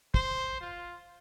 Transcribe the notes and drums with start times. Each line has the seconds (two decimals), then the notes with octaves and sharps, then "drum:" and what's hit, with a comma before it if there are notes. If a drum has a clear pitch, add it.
0.14 C5, drum: kick
0.61 F4